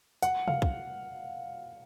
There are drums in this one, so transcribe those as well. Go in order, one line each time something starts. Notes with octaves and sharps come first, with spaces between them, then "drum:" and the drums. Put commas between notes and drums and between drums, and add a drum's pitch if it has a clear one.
F#5, drum: hi-hat
F5, drum: tom C3
drum: kick